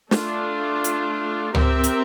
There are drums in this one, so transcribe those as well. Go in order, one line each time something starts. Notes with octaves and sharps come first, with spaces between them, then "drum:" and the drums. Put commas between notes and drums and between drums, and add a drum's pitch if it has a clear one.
A3 D4 F4, drum: snare
drum: hi-hat
C4 G4 A#4 E5, drum: tom C#2
drum: hi-hat